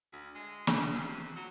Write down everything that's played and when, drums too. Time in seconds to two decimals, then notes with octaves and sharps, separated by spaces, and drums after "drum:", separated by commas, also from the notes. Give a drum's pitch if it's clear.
0.13 D2
0.35 G#3
0.67 C#3, drum: snare
0.93 F2
1.08 C3
1.36 F#3